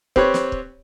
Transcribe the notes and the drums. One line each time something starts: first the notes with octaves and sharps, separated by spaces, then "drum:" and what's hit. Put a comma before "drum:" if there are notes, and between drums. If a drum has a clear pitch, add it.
C4 G4 B4 C#5, drum: kick C#1
drum: snare
drum: kick C#1